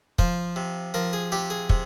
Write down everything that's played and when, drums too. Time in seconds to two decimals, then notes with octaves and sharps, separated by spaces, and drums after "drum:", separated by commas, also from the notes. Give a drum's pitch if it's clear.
0.19 F3 C5, drum: kick
0.56 C3
0.94 F3 A#4
1.13 G#4
1.32 C3 G4
1.50 G#4
1.70 C3, drum: kick